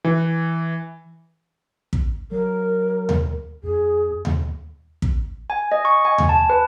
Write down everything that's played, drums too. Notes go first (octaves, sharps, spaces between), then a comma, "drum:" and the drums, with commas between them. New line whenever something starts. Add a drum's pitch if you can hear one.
E3
drum: kick
F#3 A#4
drum: tom D#2
F2 G#4
drum: tom D#2
drum: kick
G#5
D#5
C#6
G#5
drum: tom D#2
A5
B4